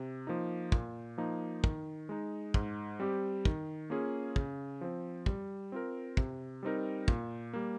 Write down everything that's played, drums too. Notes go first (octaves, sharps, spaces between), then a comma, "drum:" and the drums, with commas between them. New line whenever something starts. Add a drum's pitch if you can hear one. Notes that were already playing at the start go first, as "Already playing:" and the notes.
Already playing: C3
F3 A#3 D#4
A#2, drum: kick
F3 A#3 D#4
D#3, drum: kick
G#3 D#4
G#2, drum: kick
G3 C4 G4
D#3, drum: kick
A#3 C#4 F4 G#4
C#3, drum: kick
F3 C4
G3, drum: kick
C4 F4 A#4
C3, drum: kick
G3 C4 D#4 A#4
A#2, drum: kick
G3 A#3